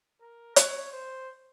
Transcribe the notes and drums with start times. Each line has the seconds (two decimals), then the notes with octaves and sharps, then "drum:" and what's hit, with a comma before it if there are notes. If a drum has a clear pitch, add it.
0.22 A#4
0.56 C#5, drum: hi-hat
0.92 C5